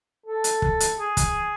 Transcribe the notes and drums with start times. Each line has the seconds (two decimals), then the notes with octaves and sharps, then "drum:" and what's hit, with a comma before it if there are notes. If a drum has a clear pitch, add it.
0.26 A4
0.44 drum: hi-hat
0.62 drum: kick
0.80 drum: hi-hat
0.99 G#4
1.17 drum: kick, hi-hat